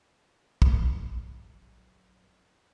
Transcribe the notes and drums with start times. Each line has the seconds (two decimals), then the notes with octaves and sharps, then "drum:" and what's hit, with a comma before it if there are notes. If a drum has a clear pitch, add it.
0.62 A#1 F#2, drum: kick